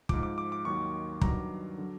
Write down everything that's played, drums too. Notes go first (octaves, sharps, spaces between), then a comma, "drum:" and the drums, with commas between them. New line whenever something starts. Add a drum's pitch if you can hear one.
G#2 F3 D6, drum: kick
D6
D6
D6
D#2 D#3 F#3 C#6
G2 D#3 F#3 A#5, drum: kick
D3 F#3